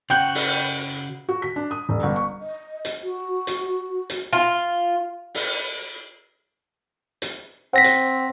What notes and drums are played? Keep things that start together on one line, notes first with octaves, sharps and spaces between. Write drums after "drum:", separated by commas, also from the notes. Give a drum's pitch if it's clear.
C#3 F#4 G5 F#6 G6
drum: open hi-hat
F#4
B6
D4
D#6
E1
G1
C#6
D#5
drum: hi-hat
F#4
drum: hi-hat
drum: hi-hat
F4
drum: open hi-hat
drum: hi-hat
C4 F#5 A#6 B6
drum: hi-hat